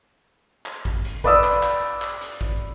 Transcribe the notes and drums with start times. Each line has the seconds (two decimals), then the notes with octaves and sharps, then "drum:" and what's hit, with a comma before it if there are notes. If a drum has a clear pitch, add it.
0.66 drum: clap
0.85 drum: kick A1
1.05 drum: hi-hat
1.24 B4 D5 D#6 E6, drum: kick A1
1.44 drum: clap
1.63 drum: clap
2.02 drum: clap
2.21 drum: hi-hat
2.41 drum: kick A1